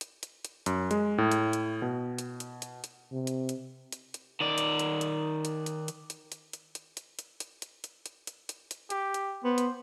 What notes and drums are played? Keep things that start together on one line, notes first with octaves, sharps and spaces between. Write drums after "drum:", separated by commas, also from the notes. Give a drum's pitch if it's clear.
drum: hi-hat
drum: hi-hat
drum: hi-hat
F#2, drum: hi-hat
G#3, drum: hi-hat
A2
drum: hi-hat
drum: hi-hat
B2
drum: hi-hat
drum: hi-hat
drum: hi-hat
drum: hi-hat
C3
drum: hi-hat
drum: hi-hat
drum: hi-hat
drum: hi-hat
D#3 D5
drum: hi-hat
drum: hi-hat
drum: hi-hat
drum: hi-hat
drum: hi-hat
drum: hi-hat
drum: hi-hat
drum: hi-hat
drum: hi-hat
drum: hi-hat
drum: hi-hat
drum: hi-hat
drum: hi-hat
drum: hi-hat
drum: hi-hat
drum: hi-hat
drum: hi-hat
drum: hi-hat
drum: hi-hat
G4, drum: hi-hat
drum: hi-hat
B3 C5
drum: hi-hat